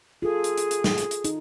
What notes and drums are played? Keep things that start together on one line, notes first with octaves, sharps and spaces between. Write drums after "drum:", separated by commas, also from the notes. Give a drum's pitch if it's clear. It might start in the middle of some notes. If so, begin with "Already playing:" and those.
F4 G#4 A4
drum: hi-hat
drum: hi-hat
drum: hi-hat
drum: snare
drum: hi-hat
drum: hi-hat
D#4, drum: hi-hat